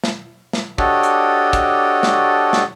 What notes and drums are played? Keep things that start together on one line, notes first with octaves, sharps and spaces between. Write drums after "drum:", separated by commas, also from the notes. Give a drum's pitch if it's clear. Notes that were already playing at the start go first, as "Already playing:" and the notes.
drum: snare
drum: snare
D4 F#4 G4 A4 C#5 D#5, drum: kick
drum: hi-hat
drum: kick, hi-hat
drum: snare
drum: snare